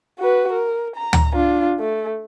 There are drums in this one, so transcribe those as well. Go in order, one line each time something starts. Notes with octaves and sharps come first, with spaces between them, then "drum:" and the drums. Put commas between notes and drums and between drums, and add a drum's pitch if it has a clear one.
F#4 B4
A#4
A#5
drum: tom D2
D4 F4
A3